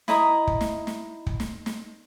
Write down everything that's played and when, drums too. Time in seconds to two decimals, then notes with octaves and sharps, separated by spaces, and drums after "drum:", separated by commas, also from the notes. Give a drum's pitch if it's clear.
0.08 E4 D#5 A#5 D#6, drum: snare
0.47 drum: kick
0.61 drum: snare
0.87 drum: snare
1.26 drum: kick
1.40 drum: snare
1.66 drum: snare